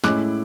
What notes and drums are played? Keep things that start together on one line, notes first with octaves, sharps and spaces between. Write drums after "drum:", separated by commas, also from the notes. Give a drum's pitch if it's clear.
A2 G#3 C#4 E4 D6 F#6, drum: snare